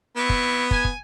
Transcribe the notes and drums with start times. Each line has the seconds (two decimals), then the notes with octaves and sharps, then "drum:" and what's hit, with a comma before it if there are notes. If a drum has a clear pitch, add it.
0.17 B3 C4 E4 C#6
0.29 drum: kick
0.71 G#5, drum: kick
0.85 drum: kick